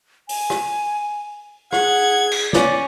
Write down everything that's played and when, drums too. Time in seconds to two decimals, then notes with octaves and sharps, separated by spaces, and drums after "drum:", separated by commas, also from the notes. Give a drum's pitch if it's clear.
0.29 G#5, drum: open hi-hat
0.50 drum: rim click
1.73 G#4 F#5 G#6, drum: rim click
2.32 drum: cymbal
2.53 C#4 D5, drum: snare